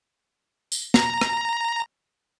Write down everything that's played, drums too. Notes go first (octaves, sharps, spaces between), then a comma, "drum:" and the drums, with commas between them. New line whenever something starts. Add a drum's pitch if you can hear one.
drum: tambourine
A#5, drum: snare
drum: rim click